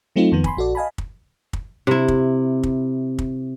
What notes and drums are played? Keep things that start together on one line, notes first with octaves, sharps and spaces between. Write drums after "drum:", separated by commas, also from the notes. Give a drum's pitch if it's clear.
F#3 A3 C4 D#4 F4
F2 D#3 B3
G#5 B5 C6, drum: kick
A#1 F#4 A4 D5
D#5 F5 G#5 A5 B5
drum: kick
drum: kick
C3 E4
drum: kick
drum: kick
drum: kick